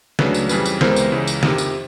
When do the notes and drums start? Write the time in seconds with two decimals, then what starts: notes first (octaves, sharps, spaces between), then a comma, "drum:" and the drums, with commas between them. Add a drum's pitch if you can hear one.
0.19 C#2 C#3 F#3 A3 D4 B4, drum: snare
0.34 drum: tambourine
0.49 F2 C#3 E3 G3 B4, drum: tambourine
0.65 drum: tambourine
0.81 C#2 C3 E3 G#3 B3 A#4 C5, drum: snare
0.96 drum: tambourine
1.12 C#2 C#3 E3
1.27 drum: tambourine
1.43 F2 C3 D#3, drum: snare
1.58 drum: tambourine